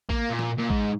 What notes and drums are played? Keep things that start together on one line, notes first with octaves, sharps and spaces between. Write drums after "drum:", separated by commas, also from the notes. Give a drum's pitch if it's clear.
A#3, drum: kick A1
A#2
drum: snare
A#2
G#2, drum: kick A1